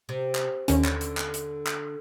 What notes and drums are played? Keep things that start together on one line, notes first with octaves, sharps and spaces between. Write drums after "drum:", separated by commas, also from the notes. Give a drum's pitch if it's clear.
C3
drum: clap
D#2 D3 C#4, drum: hi-hat
drum: clap
drum: hi-hat
drum: clap
drum: hi-hat
drum: clap